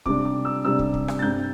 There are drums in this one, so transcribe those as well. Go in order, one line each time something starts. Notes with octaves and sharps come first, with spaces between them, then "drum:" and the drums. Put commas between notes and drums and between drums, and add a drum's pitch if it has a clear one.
C3 G3 D4 D6, drum: kick
D6
E6
C3 G3 D4 E6
drum: kick
drum: kick
drum: rim click
A6
G2 G3 C4 G6